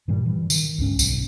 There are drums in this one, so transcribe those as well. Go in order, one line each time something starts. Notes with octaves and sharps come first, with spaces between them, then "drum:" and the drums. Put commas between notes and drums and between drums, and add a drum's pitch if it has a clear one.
G2 A#2 D#3 G3
E3
D#3, drum: tambourine
C#2 G2 C#4
B1, drum: tambourine